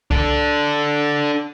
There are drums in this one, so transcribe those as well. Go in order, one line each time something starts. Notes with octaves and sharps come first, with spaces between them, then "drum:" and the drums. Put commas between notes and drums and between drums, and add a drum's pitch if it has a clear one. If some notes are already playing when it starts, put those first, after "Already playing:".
D4 A4, drum: kick C2